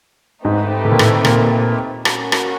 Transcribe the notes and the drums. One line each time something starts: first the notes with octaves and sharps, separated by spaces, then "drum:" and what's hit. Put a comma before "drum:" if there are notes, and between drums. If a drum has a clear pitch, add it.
G#2 A3 C4 D#4 G4 B4
A2
A#2
A2, drum: rim click
A#2, drum: rim click
A#3 C#4 F#4, drum: rim click
drum: rim click